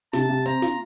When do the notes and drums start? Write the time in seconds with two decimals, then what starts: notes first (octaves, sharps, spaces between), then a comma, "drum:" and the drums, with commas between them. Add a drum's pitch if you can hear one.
0.13 C3 A5, drum: snare
0.29 C3
0.46 C4 A#5, drum: hi-hat
0.62 F4, drum: snare